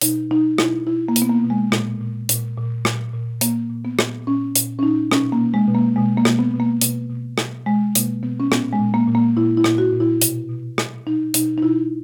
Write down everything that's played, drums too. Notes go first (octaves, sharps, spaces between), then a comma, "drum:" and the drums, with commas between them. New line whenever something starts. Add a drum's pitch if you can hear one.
B2 D#4, drum: hi-hat
B2 D#4
B2 E4, drum: rim click
B2 E4
A#3
B2, drum: hi-hat
B3
A#3
B2
G#3
A#2, drum: rim click
A#2
A#2, drum: hi-hat
A#2
A#2, drum: rim click
A#2
A#2 A#3, drum: hi-hat
A#2
B3
A#2, drum: rim click
A#2 C#4
A#2, drum: hi-hat
C#4
A#2 D#4
B2 C#4, drum: rim click
A#3
B2
G#3
B2
A#3
B2 G#3
A#3
B2, drum: rim click
B3
B2
A#3
B2, drum: hi-hat
B2
B2, drum: rim click
B2 G#3
B2 A#3, drum: hi-hat
B2 B3
C#4
A#2 B3, drum: rim click
G#3
A#2
A#3
A#2
A#3
A#2 E4
E4
A#2, drum: rim click
F#4
A#2
E4
B2, drum: hi-hat
B2
B2, drum: rim click
B2 D#4
B2 D#4, drum: hi-hat
D#4
B2 E4